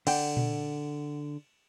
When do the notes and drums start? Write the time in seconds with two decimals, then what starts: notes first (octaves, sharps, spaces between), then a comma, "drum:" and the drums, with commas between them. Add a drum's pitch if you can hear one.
0.07 D3 F#5 G5, drum: cymbal
0.37 drum: tom A#2